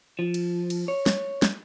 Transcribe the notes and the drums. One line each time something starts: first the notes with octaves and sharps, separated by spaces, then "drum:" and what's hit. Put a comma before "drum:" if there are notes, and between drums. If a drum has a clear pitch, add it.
F3
drum: cymbal
drum: cymbal
C#5
drum: snare
drum: snare